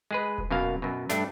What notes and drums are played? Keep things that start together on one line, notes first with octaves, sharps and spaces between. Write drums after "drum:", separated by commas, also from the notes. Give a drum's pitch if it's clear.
G#3 G#4 B4
drum: kick D#1
F#2 B2 A#3 F5
F#2 B2
G2 A3 D4, drum: snare